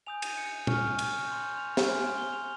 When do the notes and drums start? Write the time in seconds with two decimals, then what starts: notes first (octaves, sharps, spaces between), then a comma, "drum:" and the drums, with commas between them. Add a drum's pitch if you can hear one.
0.07 G#5 D#6 G6 F7
0.22 D#7, drum: cymbal
0.38 C#7
0.67 G#5 C#6 F6, drum: tom
0.99 drum: cymbal
1.27 C6 G6
1.58 F7
1.77 drum: snare
1.87 G#5 C6 F6
2.17 G7
2.32 F7